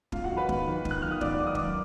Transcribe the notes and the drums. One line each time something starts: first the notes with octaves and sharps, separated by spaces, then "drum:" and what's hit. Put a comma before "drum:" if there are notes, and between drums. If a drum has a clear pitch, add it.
G#2 F4 F5, drum: kick
F#4 F#5
D#3
B4 B5
G#2, drum: kick
D#3
G#2, drum: kick
F#6
D#3 F6
D#6
G#2 D5 D6, drum: kick
D#3 D6
D#6
F#2 D5 D6, drum: kick